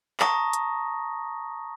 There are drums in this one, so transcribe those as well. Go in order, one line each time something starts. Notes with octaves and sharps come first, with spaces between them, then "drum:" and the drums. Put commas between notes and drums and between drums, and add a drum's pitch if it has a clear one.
A5 A#5 C#6 D#6 A#6, drum: clap
drum: hi-hat